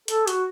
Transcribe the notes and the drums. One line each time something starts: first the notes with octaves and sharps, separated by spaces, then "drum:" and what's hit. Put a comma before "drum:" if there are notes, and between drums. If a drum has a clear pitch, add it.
A4, drum: hi-hat
F#4, drum: hi-hat